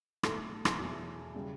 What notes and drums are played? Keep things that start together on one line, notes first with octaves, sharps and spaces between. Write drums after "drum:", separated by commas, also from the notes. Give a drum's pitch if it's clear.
B1 A2 F#3 A4, drum: rim click
drum: rim click
E2 B2 F#3
C#3 G3